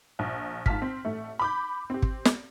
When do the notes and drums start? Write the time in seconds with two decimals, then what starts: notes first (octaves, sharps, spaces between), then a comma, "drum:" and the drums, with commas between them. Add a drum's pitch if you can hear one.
0.19 A#1
0.66 G#2 F4 A5 F6 B6, drum: kick
0.82 C4
1.05 A1 A3
1.39 B5 D6 G6
1.90 C4 G4
2.02 drum: kick
2.25 drum: snare